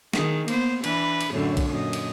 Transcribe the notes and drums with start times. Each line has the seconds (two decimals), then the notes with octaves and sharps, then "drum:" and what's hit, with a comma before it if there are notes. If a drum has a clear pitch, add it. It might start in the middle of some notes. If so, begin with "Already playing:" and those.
0.13 D#3 G#4, drum: snare
0.48 A#3 B3 C5, drum: cymbal
0.84 E3 D4 B4, drum: cymbal
1.21 drum: cymbal
1.33 F#2 A2 D3
1.57 drum: kick B1, cymbal
1.69 F#2 A#2 D#5
1.93 drum: cymbal